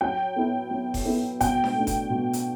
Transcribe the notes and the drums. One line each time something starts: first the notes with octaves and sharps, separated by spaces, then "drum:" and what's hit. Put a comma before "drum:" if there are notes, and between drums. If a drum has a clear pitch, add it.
F#3 G5
B3 E4
F#3
drum: kick F#1, open hi-hat
B3 E4
B2 G5, drum: kick F#1, hi-hat
drum: snare D4
A3 D4
drum: kick F#1, hi-hat
B2
drum: hi-hat